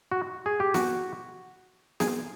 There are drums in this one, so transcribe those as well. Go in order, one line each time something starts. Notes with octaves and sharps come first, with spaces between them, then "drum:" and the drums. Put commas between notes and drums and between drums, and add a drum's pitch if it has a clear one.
F#4
G#4
G4
F#4, drum: snare
G#4, drum: snare